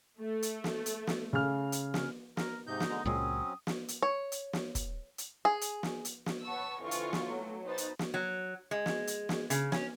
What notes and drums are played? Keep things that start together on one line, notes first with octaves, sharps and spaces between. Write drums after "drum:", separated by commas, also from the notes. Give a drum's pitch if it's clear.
A3
drum: hi-hat
drum: snare
drum: hi-hat
drum: snare
C#3 F6
drum: hi-hat
drum: snare
A#4, drum: snare
G#2 C3 D#4 G6
drum: snare
D3 G#3 A#5
C#2 A#2 F#3 G#3 C4 C#4 D#6
drum: snare
drum: hi-hat
C#5
drum: hi-hat
drum: snare
drum: kick, hi-hat
drum: hi-hat
G#4
drum: hi-hat
drum: snare
drum: hi-hat
drum: snare
B4 C#5 F#5 A5 C#6 E6
F2 D3 E3 E4 F4 C#6
drum: hi-hat
drum: snare
B1 F#3 A3
B1 D#4 B4 C5 A6
drum: hi-hat
drum: snare
F#3
G#3
drum: snare
drum: hi-hat
drum: snare
C#3, drum: hi-hat
C#4, drum: snare